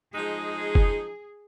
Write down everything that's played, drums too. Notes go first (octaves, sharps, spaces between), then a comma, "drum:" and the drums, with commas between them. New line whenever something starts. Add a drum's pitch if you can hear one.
F3 G#3 D#4 G#4
drum: kick